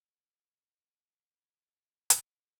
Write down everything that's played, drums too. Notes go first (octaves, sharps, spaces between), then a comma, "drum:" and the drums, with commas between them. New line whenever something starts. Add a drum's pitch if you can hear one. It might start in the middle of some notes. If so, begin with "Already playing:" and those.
D3 G#4 C#5 A#5 G#6
drum: hi-hat